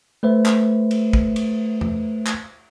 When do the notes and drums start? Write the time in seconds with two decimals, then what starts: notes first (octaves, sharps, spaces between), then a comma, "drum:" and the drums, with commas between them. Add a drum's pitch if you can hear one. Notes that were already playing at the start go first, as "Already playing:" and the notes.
0.23 A3 B4 C5 E5
0.46 drum: clap
0.91 drum: cymbal
1.13 drum: kick
1.36 drum: cymbal
1.81 drum: tom E2
2.26 drum: clap